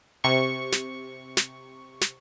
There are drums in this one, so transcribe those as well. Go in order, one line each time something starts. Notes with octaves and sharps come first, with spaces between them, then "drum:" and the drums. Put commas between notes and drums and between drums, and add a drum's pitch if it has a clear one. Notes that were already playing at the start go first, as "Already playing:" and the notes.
C3 C#6
drum: snare
drum: snare
drum: snare